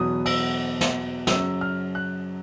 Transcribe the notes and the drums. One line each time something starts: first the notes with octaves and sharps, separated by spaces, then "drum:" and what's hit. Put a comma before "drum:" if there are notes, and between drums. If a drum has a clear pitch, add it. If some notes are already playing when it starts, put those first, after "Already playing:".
Already playing: E2 B2 F#3 B3 D#6
E6, drum: cymbal
drum: snare
F#2 C#3 F#3 E6, drum: snare
F6
F#6